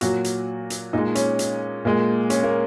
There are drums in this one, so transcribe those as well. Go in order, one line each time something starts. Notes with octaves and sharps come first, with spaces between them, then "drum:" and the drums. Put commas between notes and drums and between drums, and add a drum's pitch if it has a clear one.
A#2 F#3 F#4, drum: hi-hat
drum: hi-hat
drum: hi-hat
A#2 G#3 D#4
C#4, drum: hi-hat
drum: hi-hat
A#2 G#3 A#3
C#4, drum: hi-hat
A#3